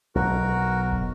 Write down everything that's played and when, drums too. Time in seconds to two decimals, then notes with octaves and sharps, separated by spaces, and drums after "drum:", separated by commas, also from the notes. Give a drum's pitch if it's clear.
0.15 B1 F#4 A#4
0.92 drum: kick